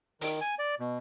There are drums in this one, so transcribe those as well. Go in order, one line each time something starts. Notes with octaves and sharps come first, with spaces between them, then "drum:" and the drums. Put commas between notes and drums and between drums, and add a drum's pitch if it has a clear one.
D#3, drum: open hi-hat
G#5
D5
B2